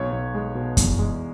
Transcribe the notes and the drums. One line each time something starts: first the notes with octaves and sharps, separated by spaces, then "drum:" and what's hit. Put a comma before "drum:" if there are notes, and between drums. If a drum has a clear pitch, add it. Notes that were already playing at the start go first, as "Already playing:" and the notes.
Already playing: B1 C#5
B1
G#3
B2
E2, drum: kick F#2, hi-hat
G#3